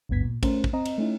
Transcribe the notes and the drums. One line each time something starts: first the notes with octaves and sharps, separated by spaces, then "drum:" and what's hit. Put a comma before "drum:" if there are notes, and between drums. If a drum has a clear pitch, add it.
G#1 D2 G2 B3 G#6 B6
A#2
A3 C#4 A#4 C5, drum: kick, cymbal
drum: kick
C4 D#5 A#5
drum: cymbal
A3 C#4 D#4 E4